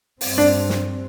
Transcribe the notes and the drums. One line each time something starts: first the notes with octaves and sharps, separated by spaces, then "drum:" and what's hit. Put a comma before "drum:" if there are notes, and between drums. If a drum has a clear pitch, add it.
G2 G3 C4, drum: open hi-hat
D4
drum: snare